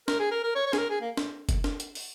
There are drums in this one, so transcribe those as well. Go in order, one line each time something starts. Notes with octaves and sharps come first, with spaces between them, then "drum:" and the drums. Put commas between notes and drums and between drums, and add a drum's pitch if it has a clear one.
A#4, drum: snare
G#4
A#4
A#4
C#5
C#5
G#4, drum: snare
A#4
G#4
A#3
drum: snare
drum: kick F#1, hi-hat
drum: snare
drum: hi-hat
drum: open hi-hat